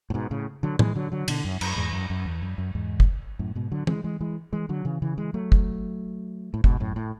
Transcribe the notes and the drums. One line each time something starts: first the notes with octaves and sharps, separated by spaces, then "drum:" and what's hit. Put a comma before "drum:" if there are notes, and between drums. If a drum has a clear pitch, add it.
A2
G#2 B2
A2 C#3
D3 F#3
E3 G#3, drum: tom
D3 F#3
D3 F#3
B2 D3, drum: cymbal
F#2
F#2, drum: cymbal
E2 G#2
F#2
F#2
E2
F#2
F#2
E2 G#2
drum: kick
F#2 A2
G#2 B2
D3 F#3
E3 G#3, drum: tom
E3 G#3
E3 G#3
E3 G#3
D3 F#3
C#3 E3
C#3 E3
E3 G#3
F#3 A3
drum: kick
A2
G#2 B2, drum: kick
F#2 A2
A2